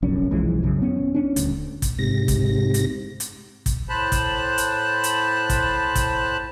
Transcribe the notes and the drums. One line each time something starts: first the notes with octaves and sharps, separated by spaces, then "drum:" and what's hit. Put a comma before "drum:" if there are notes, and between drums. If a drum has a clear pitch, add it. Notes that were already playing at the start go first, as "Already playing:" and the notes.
F1 A#1 F#2 C#4
B1 E3 F3 G#3
A#1 F#2 C#3
B3 C#4
C#4 D4
D#1 D2, drum: hi-hat
drum: kick, hi-hat
G#2 C3 A#6
drum: kick, hi-hat
drum: hi-hat
drum: hi-hat
drum: kick, hi-hat
A2 C5 A5 B5 F#6
drum: kick, hi-hat
drum: hi-hat
drum: hi-hat
drum: kick, hi-hat
drum: kick, hi-hat